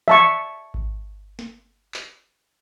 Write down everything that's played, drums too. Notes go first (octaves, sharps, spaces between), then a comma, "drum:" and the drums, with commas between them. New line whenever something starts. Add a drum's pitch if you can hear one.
E5 A5 C#6, drum: tom E3
drum: kick G#1
drum: snare
drum: clap